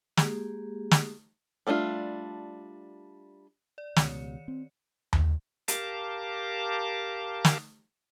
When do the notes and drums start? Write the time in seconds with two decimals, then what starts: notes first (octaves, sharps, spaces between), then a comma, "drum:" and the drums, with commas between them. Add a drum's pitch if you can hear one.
0.17 G#3 A#3 G4 G#4, drum: snare
0.91 drum: snare
1.67 G3 A3 D4 E4 F4
3.78 D5
3.96 C#2 B2 D#3 C#5 C#7, drum: snare
4.48 C4
5.13 drum: tom D#2
5.68 G4 A#4 F5 A5 D6, drum: hi-hat
7.45 drum: snare